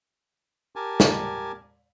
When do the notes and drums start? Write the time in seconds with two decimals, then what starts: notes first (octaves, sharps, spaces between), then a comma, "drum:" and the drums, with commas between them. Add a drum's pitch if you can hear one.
0.76 G4 A#4 G#5 A5
1.00 drum: snare